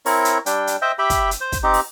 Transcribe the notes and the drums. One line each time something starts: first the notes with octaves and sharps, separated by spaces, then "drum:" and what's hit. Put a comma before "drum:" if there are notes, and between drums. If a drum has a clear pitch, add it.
C4 E4 A#4 C#5, drum: open hi-hat
drum: hi-hat
G3 D4 G5, drum: hi-hat
drum: hi-hat
C5 D#5 E5 G5
G4 E5 G5 B5
drum: kick, hi-hat
drum: hi-hat
C5
drum: kick, hi-hat
C4 D#4 G4
drum: open hi-hat